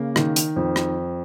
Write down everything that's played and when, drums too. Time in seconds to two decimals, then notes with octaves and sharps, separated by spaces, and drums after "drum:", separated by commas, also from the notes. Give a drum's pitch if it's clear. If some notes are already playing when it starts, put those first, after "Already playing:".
Already playing: C#3 A#3
0.16 D#3, drum: rim click
0.36 drum: hi-hat
0.56 F2
0.76 drum: rim click